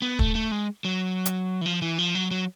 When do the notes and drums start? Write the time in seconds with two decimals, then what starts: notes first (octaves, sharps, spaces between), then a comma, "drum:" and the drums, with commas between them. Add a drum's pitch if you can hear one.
0.02 B3
0.19 A3, drum: kick
0.35 A3
0.52 G#3
0.85 F#3
1.26 drum: hi-hat
1.61 E3
1.66 F3
1.82 E3
1.99 F3
2.15 F#3
2.31 F#3